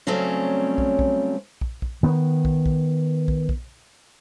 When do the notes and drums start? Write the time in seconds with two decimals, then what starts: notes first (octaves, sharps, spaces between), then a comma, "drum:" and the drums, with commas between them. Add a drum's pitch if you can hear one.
0.07 C#3 F#3 G3 A3 C4 C#4
0.78 drum: kick
0.99 drum: kick
1.61 drum: kick
1.82 drum: kick
2.03 D#3 B3
2.45 drum: kick
2.66 drum: kick
3.28 drum: kick
3.49 drum: kick